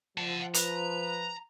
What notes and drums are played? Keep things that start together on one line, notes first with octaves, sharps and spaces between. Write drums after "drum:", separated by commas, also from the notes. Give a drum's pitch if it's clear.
F3 F#5 A5
B4 A#5, drum: hi-hat